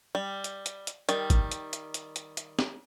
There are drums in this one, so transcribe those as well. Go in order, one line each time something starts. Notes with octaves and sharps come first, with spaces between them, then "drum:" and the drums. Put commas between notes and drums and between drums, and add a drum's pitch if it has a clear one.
G3
drum: hi-hat
drum: hi-hat
drum: hi-hat
D#3 G3, drum: hi-hat
drum: kick, hi-hat
drum: hi-hat
drum: hi-hat
drum: hi-hat
drum: hi-hat
drum: hi-hat
drum: snare